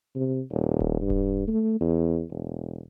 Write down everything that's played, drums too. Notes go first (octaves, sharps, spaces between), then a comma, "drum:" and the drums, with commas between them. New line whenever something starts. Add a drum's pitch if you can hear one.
C3
D#1
drum: kick D1
G2
drum: kick D1
A3
E2
E1